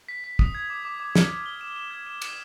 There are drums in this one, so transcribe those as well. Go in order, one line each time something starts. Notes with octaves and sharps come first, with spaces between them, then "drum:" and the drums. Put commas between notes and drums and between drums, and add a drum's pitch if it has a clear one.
B6
B6
D#6, drum: kick
G#6
D6
D6
D6
F6, drum: snare
G#6
G7
E7
E7
G#6
E7
E7, drum: cymbal